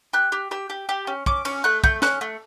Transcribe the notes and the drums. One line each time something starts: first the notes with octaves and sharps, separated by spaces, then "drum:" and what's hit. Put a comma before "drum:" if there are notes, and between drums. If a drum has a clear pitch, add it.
G4 F#6
G4
G4 E6
G4
G4
C#4
C#4 D6, drum: kick
C#4, drum: cymbal
A3 F#6
A3 G6, drum: kick
C#4 F#6, drum: snare
A3